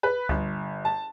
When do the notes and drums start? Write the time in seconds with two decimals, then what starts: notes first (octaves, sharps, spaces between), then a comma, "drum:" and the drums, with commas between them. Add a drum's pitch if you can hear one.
0.03 B4
0.29 G1, drum: kick C#2
0.85 A5